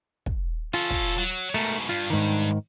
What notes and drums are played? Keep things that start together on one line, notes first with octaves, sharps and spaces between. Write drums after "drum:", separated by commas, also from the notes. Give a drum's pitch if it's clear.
drum: kick
C#4 F4 A4
drum: kick
F#3
G#2 B2 A3 A#4
G2 F4
G#2 D#3